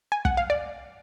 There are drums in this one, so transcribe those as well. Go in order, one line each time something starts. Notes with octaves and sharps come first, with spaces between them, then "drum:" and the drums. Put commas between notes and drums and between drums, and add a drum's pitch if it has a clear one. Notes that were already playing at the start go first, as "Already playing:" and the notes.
G#5
F#5, drum: kick
F5
D5